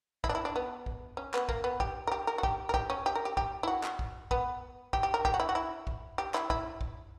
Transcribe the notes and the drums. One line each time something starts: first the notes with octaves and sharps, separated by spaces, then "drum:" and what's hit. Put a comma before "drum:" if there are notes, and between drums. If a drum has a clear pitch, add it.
E4, drum: kick B1
D4
E4
D4
B3
drum: kick B1
C#4
B3, drum: clap
A#3, drum: kick B1
B3
G4, drum: kick B1
A#4
G4
A#4
F#4
G4, drum: kick B1
A#4
G4, drum: kick B1
C#4
G4
A#4
G4
G4, drum: kick B1
E4
F#4
drum: clap
drum: kick B1
B3, drum: kick B1
G4, drum: kick B1
G4
A#4
G4, drum: kick B1
F#4
E4
F#4
E4
drum: kick B1
G4
E4, drum: clap
E4, drum: kick B1
drum: kick B1